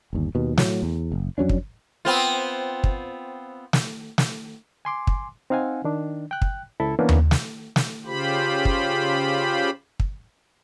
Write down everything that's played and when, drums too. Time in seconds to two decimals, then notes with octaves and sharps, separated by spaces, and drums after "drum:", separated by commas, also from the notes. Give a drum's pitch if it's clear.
0.13 G1 D#2
0.35 D#2 B2
0.57 A2 F#3, drum: snare
0.83 E2
1.12 F#1
1.38 F2 F#3 C#4 D4
1.49 drum: kick
2.05 B3 C4 F4
2.84 drum: kick
3.73 drum: snare
4.18 drum: snare
4.85 G#5 C6 D6
5.07 drum: kick
5.50 C4 D#4 F5 F#5 G#5
5.85 D#3 D4
6.31 G5 F#6
6.42 drum: kick
6.80 C#2 E4 A4 E5
6.99 E3 A#3 B3 C#4 D4
7.09 drum: tom D#2
7.31 drum: snare
7.76 drum: snare
8.06 C#3 F4 G4 C5 B5
8.65 drum: kick
10.00 drum: kick